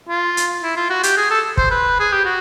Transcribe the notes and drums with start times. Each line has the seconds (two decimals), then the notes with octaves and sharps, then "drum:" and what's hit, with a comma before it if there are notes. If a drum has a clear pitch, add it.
0.09 F4
0.37 drum: hi-hat
0.63 E4
0.77 F4
0.90 F#4
1.03 G4, drum: hi-hat
1.17 G#4
1.31 A4
1.57 C5, drum: kick
1.71 B4
2.00 G#4
2.13 G4
2.25 F#4